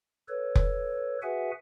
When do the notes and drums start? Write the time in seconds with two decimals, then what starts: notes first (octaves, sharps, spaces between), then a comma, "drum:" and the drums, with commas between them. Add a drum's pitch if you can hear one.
0.28 A4 B4 C#5
0.55 drum: kick F1
1.22 F#4 G#4 B4 E5 F#5 G#5